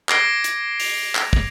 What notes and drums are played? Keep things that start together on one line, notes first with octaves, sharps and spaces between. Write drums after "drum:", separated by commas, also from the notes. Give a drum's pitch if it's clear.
D6 G#6 A#6 C7 D7 G7, drum: clap
drum: hi-hat
F7, drum: open hi-hat
drum: clap
drum: kick